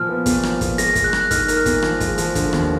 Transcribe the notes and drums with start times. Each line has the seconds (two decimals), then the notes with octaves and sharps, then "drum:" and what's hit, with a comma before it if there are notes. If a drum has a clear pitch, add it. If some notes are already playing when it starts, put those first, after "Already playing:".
Already playing: A#2 F3 F6
0.09 B3
0.26 A#2, drum: kick, hi-hat
0.43 F3, drum: rim click
0.61 A#2, drum: kick, hi-hat
0.78 G#3 A#6, drum: hi-hat
0.95 G#3, drum: kick, hi-hat
1.04 F#6
1.13 G#3, drum: rim click
1.21 F#6
1.31 D#4 F6, drum: kick, hi-hat
1.48 A#4, drum: hi-hat
1.57 F6
1.66 A#2, drum: kick, hi-hat
1.82 F3, drum: rim click
2.00 G#3, drum: kick, hi-hat
2.18 F3, drum: hi-hat
2.35 D3, drum: kick, hi-hat
2.53 D#2, drum: rim click